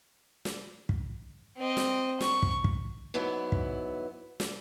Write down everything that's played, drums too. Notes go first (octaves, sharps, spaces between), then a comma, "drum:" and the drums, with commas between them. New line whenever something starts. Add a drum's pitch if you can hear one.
drum: snare
drum: kick
C4 D#5
drum: snare
C#6, drum: snare
drum: kick
drum: kick
G#2 F#3 B3 E4
drum: kick
drum: snare